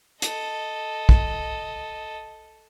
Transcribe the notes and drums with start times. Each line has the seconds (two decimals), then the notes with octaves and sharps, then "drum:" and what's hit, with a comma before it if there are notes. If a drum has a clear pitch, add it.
0.22 A4 D#5, drum: hi-hat
1.09 drum: kick